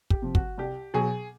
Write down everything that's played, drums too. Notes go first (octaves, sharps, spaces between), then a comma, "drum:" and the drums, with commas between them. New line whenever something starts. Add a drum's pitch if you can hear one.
G4, drum: kick
C3 F3
F#4, drum: kick
C2 G4
B2 F#3 G#4